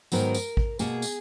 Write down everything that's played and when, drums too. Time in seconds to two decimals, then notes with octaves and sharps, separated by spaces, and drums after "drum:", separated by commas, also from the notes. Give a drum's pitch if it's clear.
0.12 G#2 D#3 F#3 B3 A#4, drum: tambourine
0.34 drum: tambourine
0.57 drum: kick A1
0.79 B2 A#3 G#4, drum: tambourine
1.02 drum: tambourine